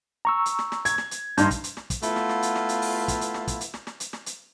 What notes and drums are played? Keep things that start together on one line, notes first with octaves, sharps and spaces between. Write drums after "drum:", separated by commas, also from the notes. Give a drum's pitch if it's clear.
A#5 C#6 E6
drum: hi-hat
drum: snare
drum: snare
G#6, drum: hi-hat
drum: snare
drum: hi-hat
G2 D#4 C6 G6, drum: hi-hat
drum: kick, hi-hat
drum: hi-hat
drum: snare
drum: kick, hi-hat
A3 B3 E4 F4, drum: hi-hat
drum: snare
drum: snare
drum: hi-hat
drum: snare
drum: hi-hat
drum: open hi-hat
drum: kick, hi-hat
drum: hi-hat
drum: snare
drum: kick, hi-hat
drum: hi-hat
drum: snare
drum: snare
drum: hi-hat
drum: snare
drum: hi-hat